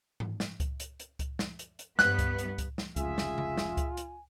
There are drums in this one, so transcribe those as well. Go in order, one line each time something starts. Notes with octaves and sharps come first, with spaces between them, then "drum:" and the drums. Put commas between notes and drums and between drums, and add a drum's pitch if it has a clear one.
drum: tom G#2
drum: snare
drum: kick C#2, hi-hat
drum: hi-hat
drum: hi-hat
drum: kick C#2, hi-hat
drum: snare
drum: hi-hat
drum: hi-hat
G2 B3 B4 F#6, drum: snare
drum: kick C#2, hi-hat
drum: hi-hat
drum: kick C#2, hi-hat
drum: snare
F1 C#2 F4 G#4 E5 G#5, drum: kick C#2, hi-hat
drum: snare
drum: tom C#3
drum: snare
drum: kick C#2, hi-hat
drum: hi-hat